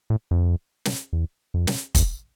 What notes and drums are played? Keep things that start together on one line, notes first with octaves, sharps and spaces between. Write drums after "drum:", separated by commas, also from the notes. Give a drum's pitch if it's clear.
A2
F2
drum: snare
E2
F2
drum: snare
E2, drum: kick, hi-hat